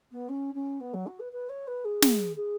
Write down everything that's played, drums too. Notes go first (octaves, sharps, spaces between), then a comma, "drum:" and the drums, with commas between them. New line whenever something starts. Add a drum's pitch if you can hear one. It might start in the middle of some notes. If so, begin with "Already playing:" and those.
B3
C#4
C#4
B3
F#3
F#4
B4
B4
C#5
B4
G#4
drum: snare
G#4